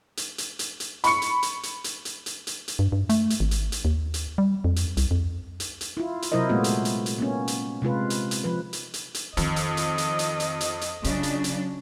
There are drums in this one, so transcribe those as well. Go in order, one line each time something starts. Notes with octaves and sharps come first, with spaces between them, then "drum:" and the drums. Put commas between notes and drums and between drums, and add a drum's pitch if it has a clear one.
drum: hi-hat
drum: hi-hat
drum: hi-hat
drum: hi-hat
B5 C#6 C#7, drum: hi-hat
drum: hi-hat
drum: hi-hat
drum: hi-hat
drum: hi-hat
drum: hi-hat
drum: hi-hat
drum: hi-hat
drum: hi-hat
G2
G2
A3, drum: hi-hat
drum: hi-hat
G#1
drum: hi-hat
drum: hi-hat
D#2
drum: hi-hat
G3
F2
drum: hi-hat
C2, drum: hi-hat
F2
drum: hi-hat
drum: hi-hat
E4 F4
drum: hi-hat
C3 F#3 E4 A#4 C5 D#5
A#2 G#3 A3 B3 F4 F#4
drum: hi-hat
drum: hi-hat
drum: hi-hat
A#3 B3 C#4
drum: hi-hat
C3 G#3 F4 B4
drum: hi-hat
drum: hi-hat
F3 B4
drum: hi-hat
drum: hi-hat
drum: hi-hat
F2 D#3 D#5, drum: hi-hat
drum: hi-hat
drum: hi-hat
drum: hi-hat
drum: hi-hat
drum: hi-hat
drum: hi-hat
drum: hi-hat
C#3 F#3 D4 F4, drum: hi-hat
drum: hi-hat
drum: hi-hat